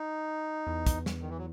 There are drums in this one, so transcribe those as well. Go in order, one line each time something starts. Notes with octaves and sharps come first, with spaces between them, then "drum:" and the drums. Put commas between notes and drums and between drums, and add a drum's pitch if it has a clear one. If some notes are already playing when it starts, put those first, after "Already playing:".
Already playing: D#4
E2
drum: kick, hi-hat
drum: snare
D#3
E3
F#3